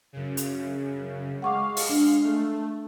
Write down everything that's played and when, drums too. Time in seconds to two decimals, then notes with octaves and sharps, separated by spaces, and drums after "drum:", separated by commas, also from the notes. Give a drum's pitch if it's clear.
0.13 F#2 C#3
0.37 drum: hi-hat
1.42 G#3 F5 F#5 C#6 D6
1.77 drum: open hi-hat
1.90 D4
2.24 A3